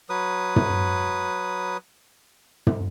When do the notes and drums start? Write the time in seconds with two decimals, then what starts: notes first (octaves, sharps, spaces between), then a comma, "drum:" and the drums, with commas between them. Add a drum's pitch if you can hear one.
0.09 F#3 B4 D#6
0.56 drum: tom
2.67 drum: tom